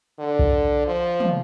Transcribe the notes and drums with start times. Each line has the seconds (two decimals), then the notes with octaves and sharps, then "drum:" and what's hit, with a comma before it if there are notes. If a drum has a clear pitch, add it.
0.19 D3
0.39 drum: kick B1
0.87 F3
1.20 drum: tom